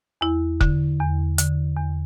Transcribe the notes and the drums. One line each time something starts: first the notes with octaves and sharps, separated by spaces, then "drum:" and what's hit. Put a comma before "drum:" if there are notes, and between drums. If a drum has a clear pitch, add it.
E2 E4
D3, drum: kick
E2
D3, drum: hi-hat
E2